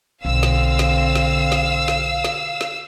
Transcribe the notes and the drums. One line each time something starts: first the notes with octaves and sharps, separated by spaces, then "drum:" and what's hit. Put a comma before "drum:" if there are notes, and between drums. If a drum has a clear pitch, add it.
B1 D3 C4 F5 E6
drum: snare
drum: snare
drum: snare
drum: snare
drum: snare
drum: snare
drum: snare